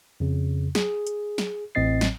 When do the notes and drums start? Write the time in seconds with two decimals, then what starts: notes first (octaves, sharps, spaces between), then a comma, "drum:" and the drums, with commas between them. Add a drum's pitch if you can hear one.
0.20 F2 C#3
0.75 G#4, drum: snare
1.07 drum: hi-hat
1.38 drum: snare
1.75 A1 A2 C4 D#5 A6 C7
2.01 drum: snare